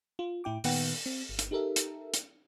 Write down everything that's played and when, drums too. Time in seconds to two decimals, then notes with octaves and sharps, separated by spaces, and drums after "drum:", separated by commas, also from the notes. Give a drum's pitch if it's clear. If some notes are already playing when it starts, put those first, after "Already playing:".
0.19 F4
0.44 A2 E4 G5 D6
0.64 A#2 D#3 B3 B4 F#5 G5, drum: open hi-hat
1.06 C4
1.29 G1
1.39 drum: hi-hat
1.51 D#4 G4 A4 A#4 E5
1.76 drum: hi-hat
2.14 drum: hi-hat